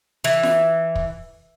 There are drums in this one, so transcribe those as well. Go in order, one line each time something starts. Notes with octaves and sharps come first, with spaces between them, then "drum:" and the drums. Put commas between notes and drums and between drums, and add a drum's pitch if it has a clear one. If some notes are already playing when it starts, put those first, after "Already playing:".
E3
drum: snare F4
drum: kick